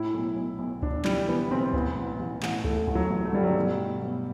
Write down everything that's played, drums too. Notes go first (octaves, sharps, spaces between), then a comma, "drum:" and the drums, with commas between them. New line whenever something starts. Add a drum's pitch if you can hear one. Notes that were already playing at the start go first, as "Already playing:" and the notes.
Already playing: A2 E4
B1
B1
B1
B1 D4, drum: kick
E3 G3, drum: clap
E3 B3
B1 C4
A1 B3, drum: kick
A1
A1
A1, drum: clap
A1 A3, drum: kick
A1, drum: kick
F#3
A1
A3
G2 G3
F#3
B2 G3
B2
B2